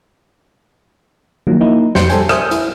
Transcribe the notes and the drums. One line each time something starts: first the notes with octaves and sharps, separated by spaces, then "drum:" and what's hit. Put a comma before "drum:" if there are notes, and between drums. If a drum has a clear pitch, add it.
D#3 F3 F#3 A#3
A#3 D#4 E4
F2 C6 G6 C#7, drum: snare
G3 A4 C5 G5 G#5, drum: hi-hat
C5 E5 G#5 D#6 G6, drum: rim click
E4, drum: hi-hat